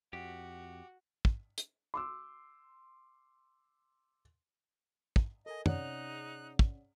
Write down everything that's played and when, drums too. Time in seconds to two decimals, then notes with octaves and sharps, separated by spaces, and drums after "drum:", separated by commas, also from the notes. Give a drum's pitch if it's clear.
0.13 F2 F#4 G4
1.25 drum: kick
1.58 drum: hi-hat
1.94 C6 D6 E6
5.16 drum: kick
5.46 A4 A#4 D#5 G#5
5.66 C3 C#4 D#4 G#4 C#5 D5 F#5 F#6, drum: tom
6.59 drum: kick